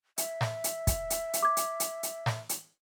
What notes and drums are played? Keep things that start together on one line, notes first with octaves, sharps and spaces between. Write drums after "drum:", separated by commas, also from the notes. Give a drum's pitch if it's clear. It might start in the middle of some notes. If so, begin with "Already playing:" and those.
E5, drum: hi-hat
drum: snare
drum: hi-hat
drum: kick, hi-hat
drum: hi-hat
drum: hi-hat
D6 G#6
drum: hi-hat
drum: hi-hat
drum: hi-hat
drum: snare
drum: hi-hat